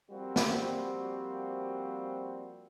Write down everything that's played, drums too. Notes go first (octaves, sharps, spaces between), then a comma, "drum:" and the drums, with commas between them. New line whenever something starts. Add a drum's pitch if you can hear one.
F3 G3 A#3 C4 F#4
drum: snare